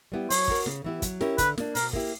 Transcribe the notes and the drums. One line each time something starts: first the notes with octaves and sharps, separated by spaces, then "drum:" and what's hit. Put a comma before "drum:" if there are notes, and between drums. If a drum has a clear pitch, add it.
G3 B3 E4 G4
F#3 C#5, drum: open hi-hat
B3 F#4 A#4, drum: kick
C#3, drum: snare
E3 B3 E4 G4
F#3, drum: kick, hi-hat
C#4 E4 G4 A#4, drum: snare
D3 B4, drum: kick, hi-hat
A#3 D4, drum: snare
B2 A#4, drum: open hi-hat
A#3 E4 G4, drum: kick